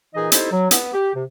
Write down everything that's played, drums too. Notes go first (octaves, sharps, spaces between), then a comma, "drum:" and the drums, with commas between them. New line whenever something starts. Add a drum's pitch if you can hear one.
A#2 E3 D#4 G#4 D#5
D#4 E4 G4 A4 C5, drum: hi-hat
F#3
B3, drum: hi-hat
G4
C3